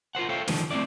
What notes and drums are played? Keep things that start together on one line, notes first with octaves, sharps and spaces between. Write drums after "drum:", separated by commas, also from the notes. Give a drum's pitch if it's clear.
F4 A#4 C5 F#5
A4 C5 C#5 E5 F5 G5
D3 D#3 F3 A#3, drum: snare
A3 C4 C#4 E4 D5